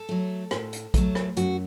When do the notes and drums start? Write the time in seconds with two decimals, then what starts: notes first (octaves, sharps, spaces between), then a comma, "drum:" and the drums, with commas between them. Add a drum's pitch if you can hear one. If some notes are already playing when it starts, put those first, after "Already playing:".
Already playing: A4
0.09 F#3 A3
0.51 A2, drum: rim click
0.73 drum: hi-hat
0.94 F#3 A3, drum: kick A#1, hi-hat
1.15 drum: rim click
1.37 F#2 F#4, drum: hi-hat